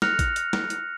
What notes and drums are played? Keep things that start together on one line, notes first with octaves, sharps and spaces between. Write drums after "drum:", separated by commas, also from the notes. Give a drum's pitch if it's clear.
F6 F#6 A#6 C#7 F7, drum: snare
drum: kick A1, hi-hat
drum: hi-hat
drum: snare
drum: hi-hat